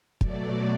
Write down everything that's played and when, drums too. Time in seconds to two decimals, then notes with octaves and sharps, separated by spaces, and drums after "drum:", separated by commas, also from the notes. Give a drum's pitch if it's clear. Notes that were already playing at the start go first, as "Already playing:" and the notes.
0.21 B2 F#3 A3 D5, drum: kick